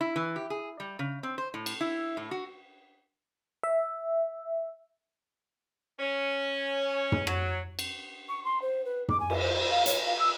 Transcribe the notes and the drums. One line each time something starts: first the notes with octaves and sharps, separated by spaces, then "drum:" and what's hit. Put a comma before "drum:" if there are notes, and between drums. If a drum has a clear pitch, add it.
E4
E3
G4
G#4
G3
C#3
C4
C5
A2
drum: cymbal
E4
A2
F#4
E5
C#4
drum: tom
F#3, drum: rim click
drum: cymbal
C#6
C6
C5
B4
D6, drum: tom
G#5
drum: cymbal
C5
C5
F5
C#5, drum: hi-hat
F5
E6